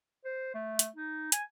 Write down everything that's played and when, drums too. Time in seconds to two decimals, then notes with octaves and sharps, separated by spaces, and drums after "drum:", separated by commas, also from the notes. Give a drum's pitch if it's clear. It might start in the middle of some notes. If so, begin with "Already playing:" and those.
0.25 C5
0.54 A3
0.79 drum: hi-hat
0.96 D#4
1.32 G#5, drum: hi-hat